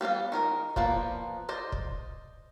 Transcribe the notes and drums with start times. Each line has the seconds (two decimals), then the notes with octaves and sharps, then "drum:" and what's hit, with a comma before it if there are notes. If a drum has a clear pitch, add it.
0.01 G3 B3 D5 F5
0.32 D#3 A#4 D#5
0.76 F3 A#3 B3 D5, drum: kick
1.49 C5 D5 D#5
1.72 drum: kick